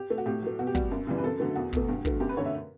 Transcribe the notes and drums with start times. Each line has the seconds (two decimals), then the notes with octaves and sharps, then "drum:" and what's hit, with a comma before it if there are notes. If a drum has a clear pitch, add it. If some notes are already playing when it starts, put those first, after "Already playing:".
Already playing: G4
0.10 A3
0.18 F#4
0.26 A2 G4
0.42 F#3 A3
0.59 B2 F#4
0.67 G4
0.75 G3 F#4, drum: kick
0.91 F#2
1.07 C#3 E3 G3
1.18 B4
1.23 F#2 A4
1.40 D3 F#3 A3
1.55 E2 F#4
1.73 B2 A3, drum: kick
1.89 G2
2.05 D3 F#3 A3, drum: kick
2.20 F#2 G4
2.29 B4
2.37 D3 A3 C#5
2.45 E5